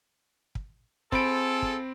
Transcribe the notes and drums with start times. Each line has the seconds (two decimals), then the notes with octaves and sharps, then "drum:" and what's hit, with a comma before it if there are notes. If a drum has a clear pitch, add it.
0.55 drum: kick
1.12 C4 F4 G#4 A4 B5 D7, drum: kick
1.62 drum: kick